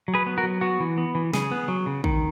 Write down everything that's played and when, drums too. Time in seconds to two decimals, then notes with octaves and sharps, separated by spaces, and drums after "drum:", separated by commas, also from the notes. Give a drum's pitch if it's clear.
0.08 F#3
0.14 G#4 B4
0.26 B3
0.38 F#4 A#4
0.43 F#3
0.61 B3 F#4
0.80 E3
0.98 B3
1.15 E3
1.33 C#3 G#4, drum: snare
1.51 B3
1.68 F#3
1.86 C#3
2.04 D#3, drum: kick